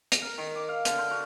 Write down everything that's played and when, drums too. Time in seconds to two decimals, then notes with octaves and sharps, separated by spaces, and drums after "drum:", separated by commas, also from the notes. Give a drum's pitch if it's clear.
0.12 drum: hi-hat
0.22 A#4
0.38 D#3
0.55 D6
0.68 F5
0.85 D3, drum: hi-hat
0.98 C5
1.11 F#4